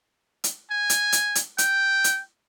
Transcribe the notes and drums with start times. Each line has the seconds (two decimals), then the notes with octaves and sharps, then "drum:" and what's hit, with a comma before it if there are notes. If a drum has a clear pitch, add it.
0.44 drum: hi-hat
0.71 G#5
0.90 drum: hi-hat
1.12 drum: hi-hat
1.35 drum: hi-hat
1.58 G5, drum: hi-hat
2.04 drum: hi-hat